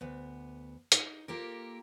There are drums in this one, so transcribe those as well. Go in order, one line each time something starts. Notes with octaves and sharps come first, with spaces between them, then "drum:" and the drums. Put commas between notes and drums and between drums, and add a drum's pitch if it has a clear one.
D2 B3
D#4, drum: hi-hat
A#3 F4 G4 A4 A#4